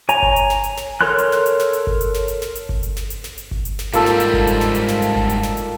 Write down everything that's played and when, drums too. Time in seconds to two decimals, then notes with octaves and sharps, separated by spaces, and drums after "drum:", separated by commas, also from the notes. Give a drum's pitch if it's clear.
0.09 C#5 G#5 A#5, drum: hi-hat
0.22 drum: kick G1
0.36 drum: hi-hat
0.50 drum: snare
0.64 drum: hi-hat
0.77 drum: snare
1.01 A4 A#4 C#5 C6 F#6
1.18 drum: hi-hat
1.32 drum: snare
1.46 drum: hi-hat
1.60 drum: snare
1.73 drum: hi-hat
1.87 drum: kick G1
2.01 drum: hi-hat
2.14 drum: snare
2.28 drum: hi-hat
2.42 drum: snare
2.55 drum: hi-hat
2.69 drum: kick G1
2.83 drum: hi-hat
2.97 drum: snare
3.10 drum: hi-hat
3.24 drum: snare
3.38 drum: hi-hat
3.51 drum: kick G1
3.65 drum: hi-hat
3.79 drum: snare
3.93 G#2 G3 A#3 F4 A4, drum: hi-hat
4.06 drum: snare
4.20 drum: hi-hat
4.34 drum: kick G1
4.47 drum: hi-hat
4.61 drum: snare
4.75 drum: hi-hat
4.88 drum: snare
5.02 drum: hi-hat
5.16 drum: kick G1
5.30 drum: hi-hat
5.43 drum: snare
5.57 drum: hi-hat